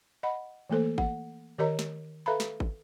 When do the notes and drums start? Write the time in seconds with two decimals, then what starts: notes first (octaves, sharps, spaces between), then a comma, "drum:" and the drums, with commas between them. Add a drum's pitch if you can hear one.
0.23 D#5 F#5 B5
0.70 E3 A3 A#3 A4 C5
0.98 F#5, drum: kick G#1
1.58 D#3 G4 A#4 C#5 D#5 A#5
1.79 drum: snare
2.26 A4 B4 E5 F5 A#5 B5
2.40 drum: snare
2.60 drum: kick G#1